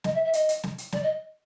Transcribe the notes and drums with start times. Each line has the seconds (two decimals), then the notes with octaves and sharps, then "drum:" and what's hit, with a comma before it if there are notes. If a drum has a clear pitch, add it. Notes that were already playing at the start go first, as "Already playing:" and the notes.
0.04 D#5, drum: snare
0.14 E5
0.24 E5
0.33 D#5, drum: hi-hat
0.49 drum: hi-hat
0.63 drum: snare
0.78 drum: hi-hat
0.92 D5, drum: snare
1.02 D#5